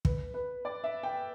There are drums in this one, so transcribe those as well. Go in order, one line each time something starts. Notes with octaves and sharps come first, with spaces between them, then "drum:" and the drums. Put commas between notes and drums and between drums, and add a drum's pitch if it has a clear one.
B4, drum: kick
B4
D5
E5
G5